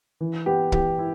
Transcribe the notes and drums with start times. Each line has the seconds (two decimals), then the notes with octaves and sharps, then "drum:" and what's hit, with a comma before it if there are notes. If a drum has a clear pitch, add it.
0.21 E3
0.46 B3 G4
0.72 E3 G4, drum: kick
0.99 E4